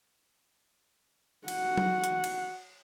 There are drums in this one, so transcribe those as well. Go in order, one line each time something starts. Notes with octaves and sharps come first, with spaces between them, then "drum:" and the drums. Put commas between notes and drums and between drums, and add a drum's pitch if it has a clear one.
F#4 F#5, drum: cymbal
drum: tom F#3
drum: hi-hat
drum: cymbal